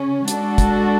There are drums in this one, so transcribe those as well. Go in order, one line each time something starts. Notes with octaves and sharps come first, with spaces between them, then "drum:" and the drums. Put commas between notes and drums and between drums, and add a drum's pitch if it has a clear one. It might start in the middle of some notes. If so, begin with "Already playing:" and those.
Already playing: C#3 C#4
G#3 D4 F#4 A4, drum: hi-hat
drum: kick, hi-hat